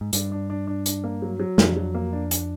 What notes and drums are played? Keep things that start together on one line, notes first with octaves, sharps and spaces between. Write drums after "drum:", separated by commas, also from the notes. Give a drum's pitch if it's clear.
G#2
G2 D4, drum: hi-hat
D4
D4
D4
D4, drum: hi-hat
A#3
F#3
F#3
F2 D4, drum: snare
F#3
A#3
D4
D4, drum: hi-hat